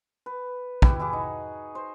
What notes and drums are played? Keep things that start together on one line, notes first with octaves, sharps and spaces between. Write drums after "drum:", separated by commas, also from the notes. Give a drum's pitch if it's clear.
B4
E4 F#4 G4, drum: kick
E4 G#4 F#5 D6
D#4
C5